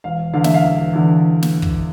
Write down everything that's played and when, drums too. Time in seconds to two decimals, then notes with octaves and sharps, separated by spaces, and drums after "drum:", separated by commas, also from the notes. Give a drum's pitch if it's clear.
0.04 E1 F5
0.34 E2 D3 F5
0.44 E5, drum: snare
0.54 F5
0.64 E1
0.93 E2 D3
1.42 drum: snare
1.62 drum: kick